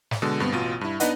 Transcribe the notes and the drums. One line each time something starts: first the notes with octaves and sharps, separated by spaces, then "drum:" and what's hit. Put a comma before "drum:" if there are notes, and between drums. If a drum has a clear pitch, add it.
drum: snare
B2 D3 G#3
G2 B3 C4
A1 B2 F4 D#7
G2 E4
B3 D4 D#4 B4 D#5 F#5, drum: hi-hat